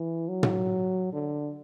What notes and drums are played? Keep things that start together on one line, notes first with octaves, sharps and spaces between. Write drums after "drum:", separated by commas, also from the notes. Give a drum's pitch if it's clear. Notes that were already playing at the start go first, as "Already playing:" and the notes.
Already playing: E3
F#3
drum: tom
D3